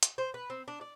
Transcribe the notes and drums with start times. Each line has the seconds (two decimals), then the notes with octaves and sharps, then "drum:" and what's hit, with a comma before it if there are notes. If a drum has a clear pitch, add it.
0.03 drum: hi-hat
0.18 C5
0.34 B4
0.50 C4
0.68 D4
0.81 D5